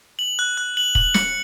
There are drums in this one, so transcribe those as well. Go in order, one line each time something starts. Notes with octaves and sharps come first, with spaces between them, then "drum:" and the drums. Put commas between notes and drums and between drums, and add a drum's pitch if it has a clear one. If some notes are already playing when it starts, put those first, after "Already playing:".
F#7
F#6
F#6
F#7
F#7, drum: kick
C#7, drum: snare